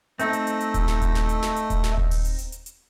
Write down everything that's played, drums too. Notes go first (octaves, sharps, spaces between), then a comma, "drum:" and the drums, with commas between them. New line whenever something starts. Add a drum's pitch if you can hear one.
A3 C4 D#4, drum: hi-hat
drum: hi-hat
drum: hi-hat
drum: hi-hat
drum: kick D#1, hi-hat
drum: snare
drum: kick D#1, hi-hat
drum: snare
drum: hi-hat
drum: snare
drum: hi-hat
drum: kick D#1, hi-hat
drum: snare
drum: kick D#1
drum: open hi-hat
drum: hi-hat
drum: hi-hat
drum: hi-hat
drum: hi-hat